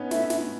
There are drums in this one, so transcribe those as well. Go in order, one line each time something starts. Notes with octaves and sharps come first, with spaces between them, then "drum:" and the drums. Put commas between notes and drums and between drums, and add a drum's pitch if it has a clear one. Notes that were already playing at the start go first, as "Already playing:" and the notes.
Already playing: B3 C#4 D#4
A3 E5, drum: snare
drum: snare